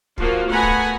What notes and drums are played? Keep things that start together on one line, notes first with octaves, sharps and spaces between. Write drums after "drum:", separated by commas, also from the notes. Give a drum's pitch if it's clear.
F3 A#3 F4 F#4, drum: kick
A3 B3 F#5 G#5 A#5 B5
drum: kick